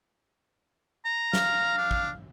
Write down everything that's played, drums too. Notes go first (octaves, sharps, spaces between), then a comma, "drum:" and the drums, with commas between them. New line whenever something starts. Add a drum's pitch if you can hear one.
A#5
F5, drum: snare
D4
drum: kick